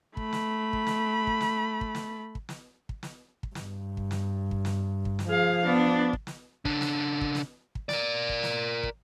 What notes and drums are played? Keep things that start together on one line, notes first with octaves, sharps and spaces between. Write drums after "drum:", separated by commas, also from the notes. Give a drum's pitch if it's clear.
A3 B5, drum: kick
drum: snare
drum: kick
drum: snare
drum: kick
drum: snare
drum: kick
drum: snare
drum: kick
drum: snare
drum: kick
drum: snare
drum: kick
G2, drum: snare
drum: kick
drum: snare
drum: kick
drum: snare
drum: kick
drum: snare
F3 G#4 F5
B3 D4
drum: kick
drum: snare
C#3 D4, drum: kick
drum: snare
drum: kick
drum: snare
drum: kick
A#4 D5, drum: snare
drum: kick
drum: snare
drum: kick